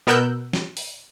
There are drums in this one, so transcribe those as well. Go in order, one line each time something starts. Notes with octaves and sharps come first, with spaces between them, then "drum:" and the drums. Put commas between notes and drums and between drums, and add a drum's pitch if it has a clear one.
B2 B3 A#4 E6 F#6 G6
drum: snare
drum: open hi-hat